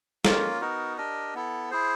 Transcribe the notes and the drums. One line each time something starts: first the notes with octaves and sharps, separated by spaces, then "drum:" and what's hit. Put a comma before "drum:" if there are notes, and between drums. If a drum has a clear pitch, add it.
A#3 C#4 F4 A#4, drum: snare
B3 D#4 F#4 A#4
D4 G4 A#4 D#5
B3 E4 A4
E4 G#4 C5